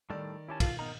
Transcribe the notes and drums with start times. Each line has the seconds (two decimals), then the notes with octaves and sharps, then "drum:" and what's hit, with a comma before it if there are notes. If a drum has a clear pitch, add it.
0.10 A2 D#3 G3 A4 D5
0.48 C#4 E4 G4 A5
0.60 F4, drum: kick, cymbal
0.79 B3 D#4 A#4 A#5